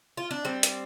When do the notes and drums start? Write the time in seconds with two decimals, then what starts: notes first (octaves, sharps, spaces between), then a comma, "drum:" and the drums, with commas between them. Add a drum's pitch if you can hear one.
0.17 F4
0.31 D4
0.45 G3 C4
0.63 drum: hi-hat